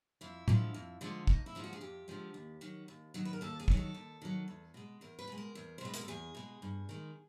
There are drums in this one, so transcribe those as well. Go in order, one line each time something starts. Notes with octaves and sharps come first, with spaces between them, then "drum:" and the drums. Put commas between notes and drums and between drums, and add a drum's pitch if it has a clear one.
F2 E4
D3 F3 G#3, drum: tom A2
F2
D3 F3 G#3
F2 D#4, drum: kick
E4
D3 F3 G#3
F#4
G#4
F2 G4
D3 F3 G#3
D#2
D#3 F#3
D#2
D#3 F#3
B4
A#4
D#2 A4
G#4
D#3 F#3, drum: kick
A4
D#2
D#3 F#3
E2
B2 G#3
E2 A#4
B4
B2 G#3
A#4
E2
C5
B2 G#3 B4
A#4, drum: hi-hat
A4
E2 G#4
B2 G#3
G2
D#3 G#3